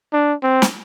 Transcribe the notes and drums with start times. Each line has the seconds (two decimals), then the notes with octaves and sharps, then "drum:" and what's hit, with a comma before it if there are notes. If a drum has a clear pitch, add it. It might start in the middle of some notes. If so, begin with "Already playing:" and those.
0.13 D4
0.43 C4
0.62 drum: snare